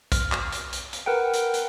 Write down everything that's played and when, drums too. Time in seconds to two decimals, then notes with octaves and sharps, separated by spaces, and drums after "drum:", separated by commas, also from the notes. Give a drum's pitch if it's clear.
0.12 F6, drum: kick, hi-hat
0.32 drum: clap
0.52 drum: hi-hat
0.73 drum: hi-hat
0.93 drum: hi-hat
1.06 A#4 B4 F#5 G5
1.33 drum: hi-hat
1.54 drum: hi-hat